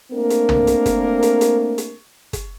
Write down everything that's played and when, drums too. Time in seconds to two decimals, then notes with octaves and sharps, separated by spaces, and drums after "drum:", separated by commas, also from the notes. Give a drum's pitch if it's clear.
0.12 A3 A#3 C4 D4 A#4
0.30 drum: hi-hat
0.49 drum: tom
0.67 drum: hi-hat
0.86 drum: kick, hi-hat
1.22 drum: hi-hat
1.41 drum: hi-hat
1.78 drum: hi-hat
2.33 drum: kick, hi-hat